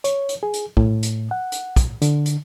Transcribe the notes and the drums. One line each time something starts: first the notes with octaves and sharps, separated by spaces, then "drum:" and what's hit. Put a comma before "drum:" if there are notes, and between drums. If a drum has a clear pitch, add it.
C#5, drum: hi-hat
drum: hi-hat
G#4
drum: hi-hat
A2, drum: kick
drum: hi-hat
F#5
drum: hi-hat
drum: kick, hi-hat
D3, drum: hi-hat
drum: hi-hat